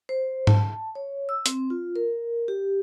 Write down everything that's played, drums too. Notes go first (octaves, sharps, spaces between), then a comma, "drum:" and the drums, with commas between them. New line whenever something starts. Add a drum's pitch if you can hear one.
C5
A5, drum: tom G#2
C#5
E6
C4, drum: hi-hat
F4
A#4
G4